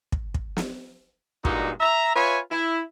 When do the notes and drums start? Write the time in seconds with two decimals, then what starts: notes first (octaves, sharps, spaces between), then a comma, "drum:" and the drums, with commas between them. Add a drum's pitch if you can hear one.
0.12 drum: kick
0.34 drum: kick
0.57 drum: snare
1.45 G2 A#2 G#3 D#4 F#4, drum: kick
1.81 E5 A#5
2.16 F4 B4 C#5 E5 G#5
2.52 E4